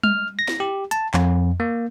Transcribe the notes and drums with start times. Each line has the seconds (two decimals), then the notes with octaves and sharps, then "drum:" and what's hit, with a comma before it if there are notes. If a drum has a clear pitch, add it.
0.04 F6, drum: tom G3
0.39 A#6
0.48 drum: snare
0.60 G4
0.91 A5, drum: hi-hat
1.14 F2, drum: clap
1.60 A#3